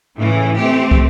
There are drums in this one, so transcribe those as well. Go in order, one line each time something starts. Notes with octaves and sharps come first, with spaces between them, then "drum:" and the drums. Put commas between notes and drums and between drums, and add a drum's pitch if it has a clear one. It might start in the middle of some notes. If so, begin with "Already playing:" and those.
A2 C#3 E3
A3 C4 G4
drum: kick